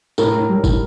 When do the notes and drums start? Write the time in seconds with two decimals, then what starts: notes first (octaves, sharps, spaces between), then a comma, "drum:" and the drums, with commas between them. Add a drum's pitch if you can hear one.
0.18 A2 A#4, drum: tambourine
0.33 A2
0.49 G3
0.64 A2, drum: kick, tambourine